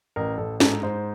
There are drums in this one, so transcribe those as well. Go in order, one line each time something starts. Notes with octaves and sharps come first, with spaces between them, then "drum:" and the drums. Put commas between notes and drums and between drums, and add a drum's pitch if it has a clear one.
A1 A#4
A1 A4
G#2 A4, drum: snare
G#2 C5